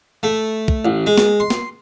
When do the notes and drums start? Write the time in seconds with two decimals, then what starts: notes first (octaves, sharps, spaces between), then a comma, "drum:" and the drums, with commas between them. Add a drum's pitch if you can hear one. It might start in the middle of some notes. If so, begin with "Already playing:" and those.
0.23 A3
0.68 drum: kick
0.85 A1
1.06 G#3
1.18 drum: snare
1.40 C6
1.50 drum: snare